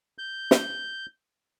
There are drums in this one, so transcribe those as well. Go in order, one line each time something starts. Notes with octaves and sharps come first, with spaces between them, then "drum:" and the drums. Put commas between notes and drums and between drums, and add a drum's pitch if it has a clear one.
G6
drum: snare